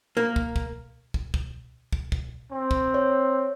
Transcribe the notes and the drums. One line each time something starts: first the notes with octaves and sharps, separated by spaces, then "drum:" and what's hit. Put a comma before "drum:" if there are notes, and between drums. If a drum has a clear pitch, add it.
A#3
drum: kick
drum: kick
drum: kick
drum: kick
drum: kick
drum: kick
C4
drum: kick
C#5